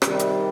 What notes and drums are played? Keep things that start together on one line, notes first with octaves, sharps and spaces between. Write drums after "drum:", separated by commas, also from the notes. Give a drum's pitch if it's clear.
C3 D#3 G3, drum: rim click
drum: hi-hat